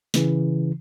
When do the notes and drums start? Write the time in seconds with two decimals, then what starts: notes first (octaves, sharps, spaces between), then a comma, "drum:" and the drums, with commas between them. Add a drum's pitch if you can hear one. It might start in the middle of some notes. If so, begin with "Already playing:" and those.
0.14 C#3 E3, drum: snare